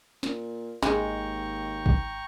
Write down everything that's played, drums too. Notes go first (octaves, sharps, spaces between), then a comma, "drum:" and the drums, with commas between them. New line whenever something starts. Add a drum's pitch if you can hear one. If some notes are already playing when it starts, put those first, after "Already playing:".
A#2, drum: snare
G#1 D#2 G#3 G5 A#5 C#6, drum: snare
drum: kick